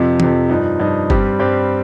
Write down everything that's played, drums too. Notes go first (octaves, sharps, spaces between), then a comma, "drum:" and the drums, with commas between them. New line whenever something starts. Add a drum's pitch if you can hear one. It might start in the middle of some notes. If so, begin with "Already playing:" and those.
Already playing: F2 C3 F3
F2 C3 F3, drum: tom
G2 F3 D#4
G2 F3 D#4
G2 G3 C4 G4, drum: kick F#1
G2 G3 C4 G4